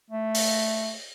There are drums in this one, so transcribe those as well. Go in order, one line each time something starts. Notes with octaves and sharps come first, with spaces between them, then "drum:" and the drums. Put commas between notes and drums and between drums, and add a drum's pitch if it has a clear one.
A3
drum: open hi-hat